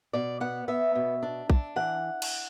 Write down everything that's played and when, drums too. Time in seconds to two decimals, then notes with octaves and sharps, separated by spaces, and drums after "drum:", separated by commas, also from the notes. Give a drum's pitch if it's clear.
0.13 B2 D5
0.40 B3 F#5
0.68 B3 E5
0.95 B2
1.23 D4
1.50 D4, drum: kick
1.76 E3 F#5
2.22 drum: cymbal